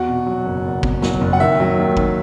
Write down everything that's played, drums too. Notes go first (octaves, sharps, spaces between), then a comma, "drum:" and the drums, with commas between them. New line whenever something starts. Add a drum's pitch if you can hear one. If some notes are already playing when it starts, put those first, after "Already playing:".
Already playing: E2 F#4
B2
F#3
F#1
E2
B2, drum: kick
F#3, drum: snare
F#1
F#5
D#3 E5
F#3
D#2
D#2, drum: kick